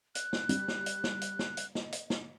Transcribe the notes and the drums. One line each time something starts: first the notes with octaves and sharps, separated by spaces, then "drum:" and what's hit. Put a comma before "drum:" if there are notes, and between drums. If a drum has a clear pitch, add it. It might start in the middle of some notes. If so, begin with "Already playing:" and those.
F#6, drum: hi-hat
drum: snare
G3, drum: hi-hat
drum: snare
drum: hi-hat
drum: snare
drum: hi-hat
drum: snare
drum: hi-hat
D#5, drum: snare
drum: hi-hat
drum: snare